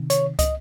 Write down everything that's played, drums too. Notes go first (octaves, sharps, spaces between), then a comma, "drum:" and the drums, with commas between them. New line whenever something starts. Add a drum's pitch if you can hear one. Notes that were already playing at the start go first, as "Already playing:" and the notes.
Already playing: C3 D#3
C#5, drum: hi-hat
D#5, drum: kick, hi-hat